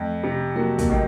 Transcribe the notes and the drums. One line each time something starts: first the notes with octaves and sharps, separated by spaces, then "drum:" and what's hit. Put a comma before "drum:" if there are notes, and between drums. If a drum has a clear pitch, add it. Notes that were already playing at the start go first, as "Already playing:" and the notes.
Already playing: F2 A3
C3
F#3 A#3
A#3, drum: kick, hi-hat
D#3 A3